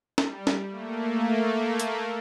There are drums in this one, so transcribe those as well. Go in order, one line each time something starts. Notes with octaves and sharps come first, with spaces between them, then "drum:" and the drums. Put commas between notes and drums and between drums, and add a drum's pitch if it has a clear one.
G3, drum: snare
drum: snare
A3 A#3
drum: hi-hat